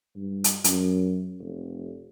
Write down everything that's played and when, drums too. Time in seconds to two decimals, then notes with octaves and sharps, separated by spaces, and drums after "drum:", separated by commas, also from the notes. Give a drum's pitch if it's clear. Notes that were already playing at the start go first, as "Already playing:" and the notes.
0.16 G2
0.44 drum: hi-hat
0.64 F#2, drum: hi-hat
1.41 F1